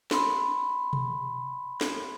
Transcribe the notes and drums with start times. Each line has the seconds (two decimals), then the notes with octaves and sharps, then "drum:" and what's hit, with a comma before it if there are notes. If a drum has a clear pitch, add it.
0.11 B5 C6, drum: snare
0.93 drum: tom B2
1.81 drum: snare